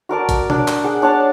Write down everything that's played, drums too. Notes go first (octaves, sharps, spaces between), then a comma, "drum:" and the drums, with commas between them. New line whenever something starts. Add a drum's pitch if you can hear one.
F#4 A#4 D5 A5
drum: kick A1, hi-hat
D4, drum: tom B2
drum: clap
G#4 F#5
D4 C#5 F#5 A5